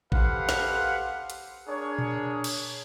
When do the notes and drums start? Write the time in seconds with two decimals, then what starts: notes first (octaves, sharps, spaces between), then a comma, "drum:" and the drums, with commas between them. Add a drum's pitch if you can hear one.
0.12 G4 A4 B4 C5 F5 F#5, drum: kick A1
0.49 drum: snare
1.30 drum: hi-hat
1.68 D4 G#4 A#4 C#5
1.98 drum: tom A#2
2.44 drum: cymbal